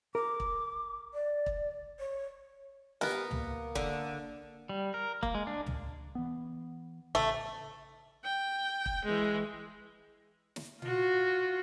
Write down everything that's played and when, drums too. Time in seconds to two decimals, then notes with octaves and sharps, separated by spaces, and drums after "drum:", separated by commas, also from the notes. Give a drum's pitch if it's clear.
0.15 A#4 D6
0.40 drum: kick
1.14 D5
1.46 drum: kick
1.99 C#5
3.01 B3 G4 A#4, drum: snare
3.31 A#3, drum: tom C#2
3.75 D3, drum: kick
4.69 G3
4.94 A#4
5.23 A#3, drum: kick
5.35 G#3
5.47 D4
5.66 drum: tom C#2
6.15 E3 B3
7.15 A1 C#3 A3
8.24 G5
8.86 drum: kick
9.05 E3 G#3
10.56 drum: snare
10.82 F4 F#4, drum: tom A#2